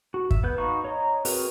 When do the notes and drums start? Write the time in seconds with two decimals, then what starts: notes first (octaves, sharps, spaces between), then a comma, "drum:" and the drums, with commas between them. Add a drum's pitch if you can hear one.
0.14 F#4
0.31 E5, drum: kick
0.43 B3 B4 G6
0.58 D#4 F#4 F5 B5 C#6
0.84 C#5 D#5 A#5
1.25 C4 F#4 G#4 A#4 B4, drum: open hi-hat